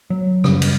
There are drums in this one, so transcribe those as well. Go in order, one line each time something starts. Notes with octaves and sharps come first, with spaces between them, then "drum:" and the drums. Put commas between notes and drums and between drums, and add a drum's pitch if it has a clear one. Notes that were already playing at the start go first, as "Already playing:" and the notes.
F#3
F#2 C#3 G3, drum: rim click
drum: cymbal